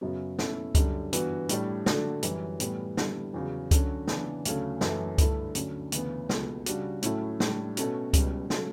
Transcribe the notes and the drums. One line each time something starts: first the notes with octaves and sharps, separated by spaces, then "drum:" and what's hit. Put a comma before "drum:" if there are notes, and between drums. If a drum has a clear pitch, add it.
F#2 C#3 F#3 B3 F#4
B2 F#3 A3 C#4 E4, drum: snare
F#2 D3 G3, drum: kick C#2, hi-hat
G2 E3 B3 F#4, drum: hi-hat
A2 G3 D4, drum: hi-hat
D3 A3 D4 F#4, drum: snare
F#2 E3 G3, drum: hi-hat
A2 E3 G3 B3, drum: hi-hat
D3 G3 B3 E4, drum: snare
E2 C#3 F#3
D3 F#3 C#4 F#4, drum: kick C#2, hi-hat
C#3 E3 B3 D4, drum: snare
D2 C#3 F#3 A3 C#4, drum: hi-hat
F#2 E3 A3, drum: snare
G2 D3 A3 E4, drum: kick C#2, hi-hat
D2 D3 F#3 C#4, drum: hi-hat
D2 C#3 E3 B3, drum: hi-hat
C#2 B2 A3, drum: snare
C#3 G3 D4 F#4, drum: hi-hat
A2 F#3 A3 C#4 E4, drum: hi-hat
A2 G3 D4, drum: snare
B2 A3 C#4 F#4, drum: hi-hat
C#2 B2 G3 C#4, drum: kick C#2, hi-hat
C#3 F#3 A3 C#4, drum: snare